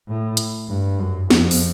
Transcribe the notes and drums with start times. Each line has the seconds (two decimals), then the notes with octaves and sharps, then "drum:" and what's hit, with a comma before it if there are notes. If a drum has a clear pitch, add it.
0.08 A2
0.37 drum: hi-hat
0.69 G2
0.99 F#2
1.30 F2, drum: snare
1.51 drum: open hi-hat